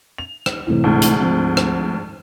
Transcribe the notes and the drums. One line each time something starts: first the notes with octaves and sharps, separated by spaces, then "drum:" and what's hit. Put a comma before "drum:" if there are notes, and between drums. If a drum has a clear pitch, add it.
F7
drum: rim click
A2 C3 E3
D2 G#2
drum: hi-hat
F3 C4
drum: rim click